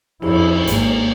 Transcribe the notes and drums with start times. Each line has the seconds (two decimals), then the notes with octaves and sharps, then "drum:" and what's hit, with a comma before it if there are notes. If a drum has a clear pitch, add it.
0.22 F2 E4, drum: cymbal
0.68 G#1 A#3, drum: hi-hat